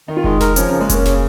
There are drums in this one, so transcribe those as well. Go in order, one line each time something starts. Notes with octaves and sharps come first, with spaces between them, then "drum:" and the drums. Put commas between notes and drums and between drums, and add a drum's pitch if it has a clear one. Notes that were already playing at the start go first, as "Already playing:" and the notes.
D#3 D#4
F4
G#3 D#4, drum: kick F1
A#4, drum: snare F1
F3 C#4, drum: hi-hat
C#3 C#4
G#3
A#3 C#4, drum: kick F1, hi-hat
C#3, drum: snare F1